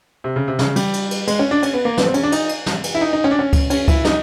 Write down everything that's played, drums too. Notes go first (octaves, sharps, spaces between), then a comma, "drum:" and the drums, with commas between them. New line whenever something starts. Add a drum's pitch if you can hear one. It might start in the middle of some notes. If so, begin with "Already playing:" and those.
C3
C#3
C3
C#3, drum: snare
G3, drum: cymbal
drum: cymbal
drum: cymbal
G#3, drum: cymbal
C#4
D4
C#4, drum: cymbal
B3
A#3
B3, drum: snare
C4
C#4, drum: cymbal
D4
D#4, drum: cymbal
drum: cymbal
drum: snare
drum: cymbal
E4
D#4
D#4
C#4
D4
C#4
drum: kick C#2, cymbal
C#4, drum: cymbal
E4, drum: kick C#2, cymbal
D#4, drum: snare